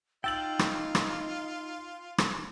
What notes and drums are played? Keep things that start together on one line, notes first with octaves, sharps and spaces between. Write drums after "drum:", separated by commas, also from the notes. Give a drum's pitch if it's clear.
D#4 F4 G5 E6 A6 F#7
drum: rim click
drum: rim click
drum: rim click